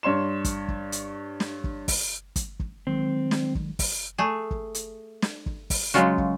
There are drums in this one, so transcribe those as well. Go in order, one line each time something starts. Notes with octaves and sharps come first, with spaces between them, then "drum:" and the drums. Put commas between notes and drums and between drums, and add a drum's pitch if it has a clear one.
G2 C#5 C6 E7
drum: kick, hi-hat
drum: kick
drum: hi-hat
drum: snare
drum: kick
drum: kick, open hi-hat
drum: kick, hi-hat
drum: kick
D#3 F#3 G#3 C4
drum: snare
drum: kick
drum: kick, open hi-hat
A3 G#4
drum: kick
drum: hi-hat
drum: snare
drum: kick
drum: kick, open hi-hat
C#3 F#3 G#3 F4 F#4
drum: kick